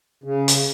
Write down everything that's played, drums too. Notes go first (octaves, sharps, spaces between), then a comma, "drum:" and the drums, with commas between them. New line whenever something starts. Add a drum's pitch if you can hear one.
C#3
drum: hi-hat